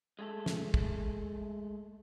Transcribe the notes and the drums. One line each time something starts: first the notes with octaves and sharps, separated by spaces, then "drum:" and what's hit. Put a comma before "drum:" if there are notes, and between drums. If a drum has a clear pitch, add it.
G#3 A3 A4
drum: snare
drum: kick